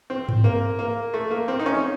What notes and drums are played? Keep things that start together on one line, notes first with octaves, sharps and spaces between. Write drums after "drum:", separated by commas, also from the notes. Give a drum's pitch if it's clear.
C4
drum: tom G#2
A#3
A#3
A3
A#3
C4
D#4
C#4